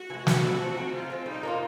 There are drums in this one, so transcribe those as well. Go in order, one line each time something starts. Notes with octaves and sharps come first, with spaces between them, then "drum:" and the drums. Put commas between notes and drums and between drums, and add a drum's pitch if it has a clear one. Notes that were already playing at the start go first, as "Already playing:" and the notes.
Already playing: F#4
E3
G#3
E3, drum: snare
G3 C4 E4
F3
G#3 C4 D#4
F3 F4
G#3 C4
G3 D#4
A#3 D4 F4